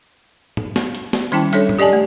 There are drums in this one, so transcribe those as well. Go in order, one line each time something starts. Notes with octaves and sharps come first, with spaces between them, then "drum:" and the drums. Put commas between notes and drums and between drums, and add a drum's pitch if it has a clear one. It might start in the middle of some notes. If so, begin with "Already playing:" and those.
drum: tom
drum: snare
drum: hi-hat
drum: snare
D#3 G3 C#4 E4 G5 A5, drum: hi-hat
G3 D4 A4 C#5, drum: hi-hat
drum: tom
G4 D5 D#5 G#5 A5
A3